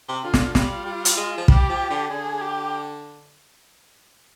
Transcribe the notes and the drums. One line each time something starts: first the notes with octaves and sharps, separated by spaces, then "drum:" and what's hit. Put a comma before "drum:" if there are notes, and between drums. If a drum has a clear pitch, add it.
C3
D3 F4
drum: snare
G3 F4, drum: snare
G3
drum: hi-hat
G#3
F3
G3 G4, drum: kick
F3
D3
D3 G#4
G4